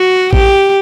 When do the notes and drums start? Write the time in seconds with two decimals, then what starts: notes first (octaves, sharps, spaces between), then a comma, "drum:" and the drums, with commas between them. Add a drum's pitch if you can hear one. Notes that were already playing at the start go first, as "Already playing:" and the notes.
Already playing: F#4
0.33 G4, drum: kick A#1